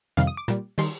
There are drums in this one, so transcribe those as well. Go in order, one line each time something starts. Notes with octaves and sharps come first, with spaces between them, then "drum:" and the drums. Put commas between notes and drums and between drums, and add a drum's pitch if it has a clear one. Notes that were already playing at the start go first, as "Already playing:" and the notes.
F2 C3 D#3 G3 F5, drum: hi-hat
D#6
D6
A#2 G3, drum: rim click
D#3 G3 C6, drum: open hi-hat